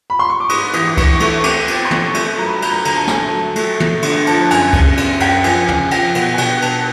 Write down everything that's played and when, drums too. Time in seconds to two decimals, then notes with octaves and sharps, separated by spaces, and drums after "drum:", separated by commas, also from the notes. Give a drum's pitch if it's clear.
0.10 B5
0.19 C6
0.30 C#6
0.40 D6
0.49 G#2 D#6, drum: cymbal
0.73 E3 D#6, drum: cymbal
0.88 D6
0.97 E3 C#6, drum: kick C2, cymbal
1.20 A3 C#6, drum: cymbal
1.44 C4 D6, drum: cymbal
1.68 C4, drum: cymbal
1.85 C6
1.91 A3 C#6, drum: tom
2.14 A3, drum: cymbal
2.38 F#3 A#5
2.46 B5
2.55 A#5
2.62 A3 B5, drum: cymbal
2.71 A#5
2.85 D2 A#5, drum: cymbal
2.96 A5
3.07 A3 G#5, drum: snare
3.19 A5
3.32 F#3
3.56 A3, drum: cymbal
3.80 A3, drum: tom
4.02 D3, drum: cymbal
4.27 F3 A5, drum: cymbal
4.51 F#2 G#5, drum: cymbal
4.73 C#3, drum: kick C2, cymbal
4.97 F#2, drum: cymbal
5.20 F#2 G5, drum: cymbal
5.44 F3 G#5, drum: cymbal
5.68 C#3 G#5, drum: tom
5.91 F3 G5, drum: cymbal
6.15 B2 F#5, drum: cymbal
6.34 G#5
6.38 B2 G5, drum: cymbal
6.62 B2 A5, drum: cymbal